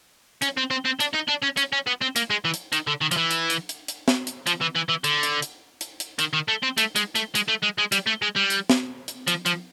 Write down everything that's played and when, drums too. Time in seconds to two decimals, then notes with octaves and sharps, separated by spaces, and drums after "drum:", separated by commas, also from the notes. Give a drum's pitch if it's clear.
0.42 C#4, drum: hi-hat
0.57 C4
0.71 C4
0.85 C4
1.00 D4, drum: hi-hat
1.15 D#4
1.29 D4
1.43 C#4
1.57 C#4, drum: hi-hat
1.72 C#4
1.87 B3
2.01 C4
2.16 A#3, drum: hi-hat
2.30 G#3
2.45 E3
2.54 drum: hi-hat
2.73 D#3, drum: hi-hat
2.87 D3
3.01 D#3
3.11 F3, drum: hi-hat
3.17 E3
3.31 drum: hi-hat
3.50 drum: hi-hat
3.69 drum: hi-hat
3.88 drum: hi-hat
4.08 drum: snare
4.27 drum: hi-hat
4.47 F3, drum: hi-hat
4.61 E3
4.76 E3
4.89 E3
5.04 D3, drum: hi-hat
5.23 drum: hi-hat
5.42 drum: hi-hat
5.81 drum: hi-hat
6.00 drum: hi-hat
6.19 D#3, drum: hi-hat
6.33 D#3
6.48 A3
6.63 C4
6.78 A3, drum: hi-hat
6.96 G#3, drum: hi-hat
7.15 A3, drum: hi-hat
7.35 G#3, drum: hi-hat
7.49 A3
7.63 G#3
7.78 G#3
7.92 G3, drum: hi-hat
8.06 A3
8.22 G#3
8.36 G3
8.50 drum: hi-hat
8.70 drum: snare
9.08 drum: hi-hat
9.28 F3, drum: hi-hat
9.46 F3, drum: hi-hat